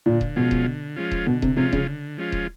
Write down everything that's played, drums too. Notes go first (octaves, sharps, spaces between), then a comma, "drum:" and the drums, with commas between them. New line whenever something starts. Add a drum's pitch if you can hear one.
A#2 D3
drum: kick D#1
B2 F3 G#3 C#4 F4
drum: kick D#1
D3
F3 G#3 C#4 F4
drum: kick D#1
B2 D3
C3, drum: kick D#1
C3 F3 G#3 C#4 F4
C#3, drum: kick D#1
D3
F3 G#3 C#4 F4
drum: kick D#1